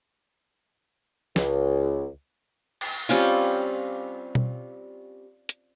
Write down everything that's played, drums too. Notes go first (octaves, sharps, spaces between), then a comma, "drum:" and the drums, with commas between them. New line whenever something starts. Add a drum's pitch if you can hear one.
C#2, drum: snare
drum: cymbal
G3 C4 C#4 F4, drum: tambourine
drum: tom B2
drum: hi-hat